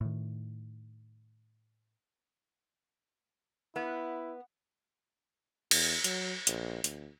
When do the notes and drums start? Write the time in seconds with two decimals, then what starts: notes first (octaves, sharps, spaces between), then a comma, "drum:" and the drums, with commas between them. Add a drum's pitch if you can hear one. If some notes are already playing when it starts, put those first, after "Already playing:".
0.01 A2 D#3
3.76 B3 E4
5.71 E2, drum: cymbal
6.04 F#3, drum: hi-hat
6.47 A#1, drum: hi-hat
6.84 D2, drum: hi-hat